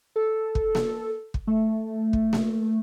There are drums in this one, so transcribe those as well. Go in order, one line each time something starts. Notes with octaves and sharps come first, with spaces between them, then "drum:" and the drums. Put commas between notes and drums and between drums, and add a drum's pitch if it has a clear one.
A4
drum: kick
drum: snare A#3
drum: kick
A3
drum: kick
drum: snare A#3